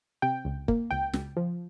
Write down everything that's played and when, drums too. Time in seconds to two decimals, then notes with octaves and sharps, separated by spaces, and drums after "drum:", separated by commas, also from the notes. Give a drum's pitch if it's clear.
0.22 C3 G5
0.45 C#2
0.68 A#3, drum: kick
0.91 C#2 G5
1.13 C#2, drum: snare
1.37 F3